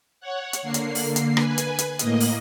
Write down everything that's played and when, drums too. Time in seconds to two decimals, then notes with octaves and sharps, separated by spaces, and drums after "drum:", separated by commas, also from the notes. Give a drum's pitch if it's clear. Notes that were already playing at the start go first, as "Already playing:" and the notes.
0.20 C#5 F#5
0.53 drum: hi-hat
0.63 D3 A#3 C7
0.74 drum: hi-hat
0.95 drum: open hi-hat
1.16 drum: hi-hat
1.37 B4 G#5, drum: rim click
1.58 drum: hi-hat
1.79 drum: hi-hat
1.99 A2 A#3 D#5, drum: hi-hat
2.20 drum: open hi-hat